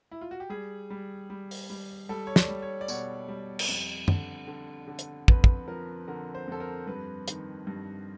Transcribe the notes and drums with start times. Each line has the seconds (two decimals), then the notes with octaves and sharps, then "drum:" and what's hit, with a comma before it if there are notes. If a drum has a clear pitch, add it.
0.11 E4
0.21 F4
0.31 F#4
0.40 G4
0.50 G3 G#4
0.90 G3
1.30 G3
1.51 drum: open hi-hat
1.70 G3
2.09 G3 A4
2.27 C#5
2.36 D5, drum: snare
2.49 G3
2.62 C#5
2.81 D5
2.88 B2 C#5, drum: tambourine
3.28 G3
3.59 drum: cymbal
3.69 F2
4.08 D3, drum: tom F#2
4.48 D3
4.88 D3
4.99 drum: hi-hat
5.28 F2 B4, drum: kick
5.44 drum: kick
5.68 F3 A#4
6.08 D3 A#4
6.35 C5
6.48 F2 A4
6.60 A#4
6.87 G2 B4
7.28 D#3, drum: hi-hat
7.67 G2